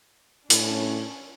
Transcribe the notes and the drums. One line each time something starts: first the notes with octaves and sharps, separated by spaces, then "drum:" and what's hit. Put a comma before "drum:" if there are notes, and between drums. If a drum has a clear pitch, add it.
A2 C#4 D4, drum: hi-hat